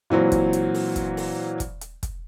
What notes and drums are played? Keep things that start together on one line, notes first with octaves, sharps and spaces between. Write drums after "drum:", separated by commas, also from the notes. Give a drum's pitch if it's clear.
A#2 E3 F#3 C4
drum: kick, hi-hat
drum: hi-hat
drum: open hi-hat
drum: kick, hi-hat
drum: open hi-hat
drum: kick, hi-hat
drum: hi-hat
drum: kick, hi-hat